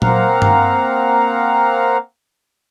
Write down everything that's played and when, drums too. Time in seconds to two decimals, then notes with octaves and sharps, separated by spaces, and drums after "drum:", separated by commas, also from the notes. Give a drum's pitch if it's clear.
0.02 A#3 C4 F5 F#5 A#5, drum: tom A#2
0.42 drum: tom G2